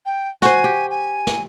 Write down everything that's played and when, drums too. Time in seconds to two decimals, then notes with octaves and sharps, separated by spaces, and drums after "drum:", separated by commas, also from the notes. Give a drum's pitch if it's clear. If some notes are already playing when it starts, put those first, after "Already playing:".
0.06 G5
0.42 F#4 C5 G#5, drum: snare
0.64 G4
0.90 G#5
1.27 drum: snare